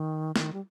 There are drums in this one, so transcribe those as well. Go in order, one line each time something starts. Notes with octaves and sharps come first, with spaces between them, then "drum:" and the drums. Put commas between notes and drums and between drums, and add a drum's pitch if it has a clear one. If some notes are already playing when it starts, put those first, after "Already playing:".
Already playing: D#3
D#3, drum: snare
G3